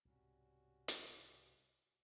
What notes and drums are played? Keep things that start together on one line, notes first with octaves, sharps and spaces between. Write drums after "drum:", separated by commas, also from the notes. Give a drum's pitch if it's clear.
C2 G#2 B2 G3 C#4 F#4
drum: hi-hat